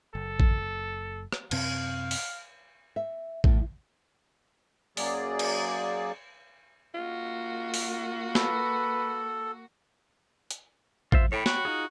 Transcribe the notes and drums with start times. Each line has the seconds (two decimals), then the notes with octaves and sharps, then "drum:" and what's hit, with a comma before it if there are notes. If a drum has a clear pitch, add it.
0.15 F#1 A4
0.40 drum: kick A1
1.32 drum: rim click
1.51 F#2 C3 C4 F5, drum: cymbal
2.11 drum: open hi-hat
2.96 E5
3.44 A2, drum: kick A1
4.97 F#2 F#3 A#3 G#4 D5, drum: open hi-hat
5.39 drum: cymbal
6.94 A#3 F4 F#4
7.74 drum: open hi-hat
8.35 A4 B4, drum: snare
10.51 drum: hi-hat
11.12 F4 C5 E5, drum: kick A1
11.32 A2 C#5 G5 B5
11.46 F#4, drum: snare
11.65 D#4 F4 G#4